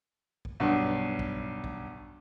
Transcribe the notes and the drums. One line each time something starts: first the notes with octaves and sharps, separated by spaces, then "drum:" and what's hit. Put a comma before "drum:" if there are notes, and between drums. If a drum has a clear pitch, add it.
drum: kick A#1
B1 G2
drum: kick A#1
drum: kick A#1